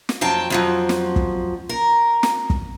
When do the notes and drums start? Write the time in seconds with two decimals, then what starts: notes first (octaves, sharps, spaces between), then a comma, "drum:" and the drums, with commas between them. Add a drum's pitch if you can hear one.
0.09 drum: snare
0.21 F2 F#3 G5 A5
0.50 F2 F3 F#3
0.89 drum: snare
1.16 drum: kick
1.69 A#4
2.23 drum: snare
2.50 drum: kick